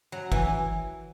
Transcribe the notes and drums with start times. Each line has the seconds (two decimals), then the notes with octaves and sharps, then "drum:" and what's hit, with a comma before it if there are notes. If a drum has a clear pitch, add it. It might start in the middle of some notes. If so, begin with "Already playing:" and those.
0.12 F#3
0.32 E3, drum: kick